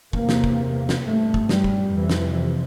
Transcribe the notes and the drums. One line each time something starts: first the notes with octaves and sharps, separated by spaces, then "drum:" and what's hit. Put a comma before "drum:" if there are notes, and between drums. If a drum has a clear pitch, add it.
E2 C3 A#3, drum: kick
drum: snare
drum: kick
drum: snare
G2 A3
drum: kick
G3, drum: snare
drum: kick
F2 C3 E3
drum: snare